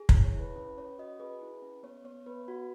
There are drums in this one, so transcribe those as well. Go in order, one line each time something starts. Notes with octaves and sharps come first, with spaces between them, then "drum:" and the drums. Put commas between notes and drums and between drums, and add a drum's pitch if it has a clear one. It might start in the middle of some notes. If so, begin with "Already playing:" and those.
Already playing: G#4
C#5, drum: kick
E4
C#5
E4
B4
C#4 B4
C#4 C#5
F#4 D#5
G#4 B4
E4
C#4
B3 C#5
B3 C#5
B3 B4
F#4